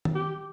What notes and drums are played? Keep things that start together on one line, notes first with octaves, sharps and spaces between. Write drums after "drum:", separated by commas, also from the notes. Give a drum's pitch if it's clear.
drum: tom D#3
G4